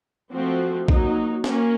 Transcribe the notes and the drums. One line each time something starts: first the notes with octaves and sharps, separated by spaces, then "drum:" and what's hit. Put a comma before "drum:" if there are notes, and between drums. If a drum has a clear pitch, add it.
F3 A3 C4 F#4
F#3 A#3 D#4, drum: kick A#1
A#3 C#4, drum: snare